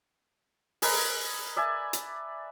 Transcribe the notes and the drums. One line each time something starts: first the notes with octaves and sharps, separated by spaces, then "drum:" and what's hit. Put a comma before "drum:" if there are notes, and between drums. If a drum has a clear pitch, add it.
G#4 A#4 B4 D#5, drum: open hi-hat
D5 E5 G#5 A5
drum: hi-hat